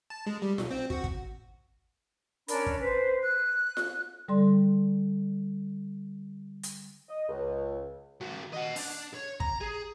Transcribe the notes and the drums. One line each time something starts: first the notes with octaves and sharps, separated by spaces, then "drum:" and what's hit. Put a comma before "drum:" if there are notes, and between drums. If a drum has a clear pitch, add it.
A5
G#3
G3
B1, drum: snare F4
C4
F#4, drum: kick
drum: kick
C#4 D4 A#4 B5, drum: hi-hat
drum: kick
B4 C5
F#6
drum: snare F4
D3 G3 A4 D5 C6
drum: hi-hat
D#5
C#2
D#3 F#4
D#5 F#5
D4, drum: open hi-hat
C#5
A#5, drum: kick
G#4